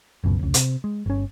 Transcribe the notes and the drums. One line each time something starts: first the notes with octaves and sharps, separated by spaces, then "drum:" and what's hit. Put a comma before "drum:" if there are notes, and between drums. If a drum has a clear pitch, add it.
F#1 C#2 F#2 B2
F1 C#2
C3, drum: hi-hat
G#3
G1 C#4